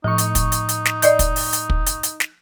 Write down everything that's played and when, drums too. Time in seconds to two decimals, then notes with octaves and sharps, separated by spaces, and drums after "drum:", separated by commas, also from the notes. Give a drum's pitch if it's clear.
0.04 A2 F3 D#4 C#6
0.18 drum: hi-hat
0.35 drum: kick, hi-hat
0.52 drum: hi-hat
0.69 drum: hi-hat
0.85 drum: snare
1.02 D5 D#5 G6, drum: hi-hat
1.19 drum: kick, hi-hat
1.36 drum: open hi-hat
1.53 drum: hi-hat
1.70 drum: kick
1.86 drum: hi-hat
2.03 drum: hi-hat
2.20 drum: snare